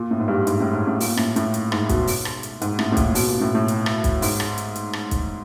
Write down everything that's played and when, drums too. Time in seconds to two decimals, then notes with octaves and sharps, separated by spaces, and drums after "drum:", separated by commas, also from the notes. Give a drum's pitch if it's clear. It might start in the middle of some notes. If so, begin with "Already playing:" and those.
Already playing: A#2
0.11 A2
0.20 G#2
0.28 G2
0.47 G#2, drum: hi-hat
0.60 A2
0.73 G#2
0.87 A2
1.00 A#2, drum: open hi-hat
1.17 A2, drum: rim click
1.36 A2, drum: hi-hat
1.54 drum: hi-hat
1.72 G#2, drum: rim click
1.89 B2, drum: kick, hi-hat
2.07 drum: open hi-hat
2.25 drum: rim click
2.43 drum: hi-hat
2.62 G#2, drum: hi-hat
2.79 A2, drum: rim click
2.92 A2
2.97 A#2, drum: kick, hi-hat
3.15 B2, drum: open hi-hat
3.28 A#2
3.41 A2
3.55 A2
3.68 drum: hi-hat
3.86 drum: rim click
4.04 drum: kick, hi-hat
4.22 G#2, drum: open hi-hat
4.40 drum: rim click
4.58 drum: hi-hat
4.75 drum: hi-hat
4.93 drum: rim click
5.11 drum: kick, hi-hat